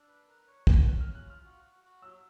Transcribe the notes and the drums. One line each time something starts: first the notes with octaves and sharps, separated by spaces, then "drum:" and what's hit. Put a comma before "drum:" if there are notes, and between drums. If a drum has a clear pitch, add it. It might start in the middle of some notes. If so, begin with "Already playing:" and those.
Already playing: D4 E6
B4
A#4
C#5
F#5, drum: kick
C#4 F#6
C#4 F6
F#6
F4 F6
F#4
F#4
F#4
F#3 E6